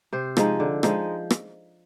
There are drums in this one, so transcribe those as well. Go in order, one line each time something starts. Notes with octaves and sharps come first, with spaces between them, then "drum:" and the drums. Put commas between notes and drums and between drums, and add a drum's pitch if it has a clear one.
C3 C5
F3 G#3 D#4, drum: rim click
D3
F3 G#3 D#4, drum: rim click
drum: rim click